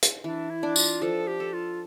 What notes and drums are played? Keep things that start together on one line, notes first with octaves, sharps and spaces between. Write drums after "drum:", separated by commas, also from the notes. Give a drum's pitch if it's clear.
drum: hi-hat
E3 D4
E4
D4
F4, drum: tambourine
F3 A4
G4
A4
F4